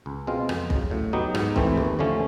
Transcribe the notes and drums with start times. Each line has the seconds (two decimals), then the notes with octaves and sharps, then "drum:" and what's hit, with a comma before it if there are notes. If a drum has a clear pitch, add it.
0.06 C#2
0.27 B2 G#3 C4 F4
0.49 F2, drum: rim click
0.70 C#3 F#3, drum: kick
0.91 A2
1.13 F#3 B3 D#4 G4
1.35 G#2, drum: rim click
1.56 E3 A3 C4, drum: kick
1.77 D#2
1.99 D3 F3 A3 C#4